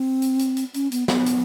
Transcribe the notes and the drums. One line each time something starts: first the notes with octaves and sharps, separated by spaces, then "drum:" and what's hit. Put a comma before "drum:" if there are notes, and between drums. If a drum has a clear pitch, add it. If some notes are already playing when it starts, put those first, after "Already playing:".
Already playing: C4
drum: hi-hat
drum: hi-hat
drum: hi-hat
C#4, drum: hi-hat
B3, drum: hi-hat
B3, drum: snare
drum: hi-hat